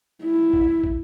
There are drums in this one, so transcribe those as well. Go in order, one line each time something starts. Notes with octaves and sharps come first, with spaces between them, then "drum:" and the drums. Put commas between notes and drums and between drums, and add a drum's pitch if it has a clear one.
E4
drum: kick
drum: kick